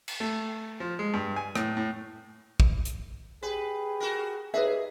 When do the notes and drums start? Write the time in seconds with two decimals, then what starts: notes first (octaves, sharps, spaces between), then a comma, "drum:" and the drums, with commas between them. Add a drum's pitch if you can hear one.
0.08 drum: cymbal
0.20 A3
0.80 F3
0.99 G#3
1.14 G2
1.36 G#5
1.55 A2, drum: rim click
1.77 A2
2.60 drum: kick
2.85 drum: hi-hat
3.43 G4 G#4 B4
4.00 F#4 A#4
4.54 D#2 G#4 B4 D#5 E5